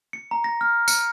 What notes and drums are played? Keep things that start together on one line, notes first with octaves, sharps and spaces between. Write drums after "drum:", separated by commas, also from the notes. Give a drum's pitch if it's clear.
C#7
A#5
A#6
F6
C#7, drum: tambourine